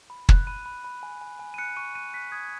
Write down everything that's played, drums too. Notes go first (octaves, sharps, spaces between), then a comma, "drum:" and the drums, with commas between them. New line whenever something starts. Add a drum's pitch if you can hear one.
B5
F#6, drum: kick
B5 D#7
B5
B5
G#5
G#5
G#5
D#7
F#6 C#7
C#6 D#7
F#6 D#7
F#6 B6
D#6 G#6
G#6